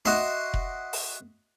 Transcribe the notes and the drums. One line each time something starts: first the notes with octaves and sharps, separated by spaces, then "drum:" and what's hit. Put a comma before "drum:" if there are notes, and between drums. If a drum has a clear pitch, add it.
F#4 D#5 E5 C6 D6, drum: snare D#4
drum: kick F1
drum: open hi-hat